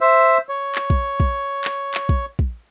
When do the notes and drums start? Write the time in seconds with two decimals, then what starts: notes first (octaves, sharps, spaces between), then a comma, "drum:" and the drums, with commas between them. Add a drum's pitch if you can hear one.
0.01 C5 E5
0.49 C#5
0.75 drum: clap
0.90 drum: kick
1.20 drum: kick
1.64 drum: clap
1.94 drum: clap
2.09 drum: kick
2.39 drum: kick